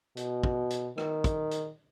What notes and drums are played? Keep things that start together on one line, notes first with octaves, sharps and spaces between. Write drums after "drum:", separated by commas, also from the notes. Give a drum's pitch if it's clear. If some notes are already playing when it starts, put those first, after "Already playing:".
B2, drum: hi-hat
drum: kick
drum: hi-hat
D#3, drum: rim click
drum: kick, hi-hat
drum: hi-hat